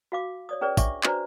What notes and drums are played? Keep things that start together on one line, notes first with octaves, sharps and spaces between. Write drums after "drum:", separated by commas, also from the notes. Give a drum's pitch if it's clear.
F#4 F5 D6
C#5 D5 D#6
C#4 G#4 B4 C#5 D5
D4 E5 C#6 D6, drum: kick, tambourine
D4 F#4 B4 C5 D5 A#5, drum: clap